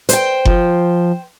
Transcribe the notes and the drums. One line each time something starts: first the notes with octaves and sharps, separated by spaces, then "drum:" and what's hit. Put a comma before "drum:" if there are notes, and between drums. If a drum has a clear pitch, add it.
C5 G5, drum: hi-hat
F3, drum: kick F#1